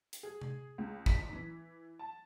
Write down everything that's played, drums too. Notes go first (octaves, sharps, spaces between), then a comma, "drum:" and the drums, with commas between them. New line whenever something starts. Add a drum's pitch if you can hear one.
drum: hi-hat
G#4
drum: tom C3
C#2
B6, drum: kick
E3
A5